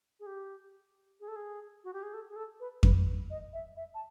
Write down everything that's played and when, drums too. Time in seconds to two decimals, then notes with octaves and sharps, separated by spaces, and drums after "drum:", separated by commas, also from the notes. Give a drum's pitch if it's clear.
0.20 G#4
0.26 G4
1.20 G#4
1.28 A4
1.36 G#4
1.84 F#4
1.93 G4
2.03 G#4
2.13 A4
2.29 G#4
2.36 A4
2.60 B4
2.83 B4, drum: kick F2
3.30 D#5
3.53 E5
3.76 E5
3.94 A5